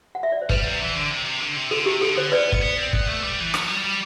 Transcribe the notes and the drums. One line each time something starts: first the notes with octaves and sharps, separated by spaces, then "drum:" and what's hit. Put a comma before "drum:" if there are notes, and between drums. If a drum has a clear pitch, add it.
F#5
E5
D5
C5
G3 B4, drum: kick
C3
E3
D3
C3
C3
D3
C3
D3 A4
C3 G4
D3 A4
D3 C5
B3 B4 D5
drum: kick
B3
C4
B3, drum: kick
A3
G3
E3
F#3, drum: rim click
F#3
G3
G3